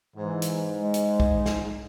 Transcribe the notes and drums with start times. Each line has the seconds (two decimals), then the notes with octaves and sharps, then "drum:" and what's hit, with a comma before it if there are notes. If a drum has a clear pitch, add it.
0.16 G#2 E3
0.42 drum: hi-hat
0.80 G#3
0.94 drum: hi-hat
1.20 drum: kick B1
1.46 drum: snare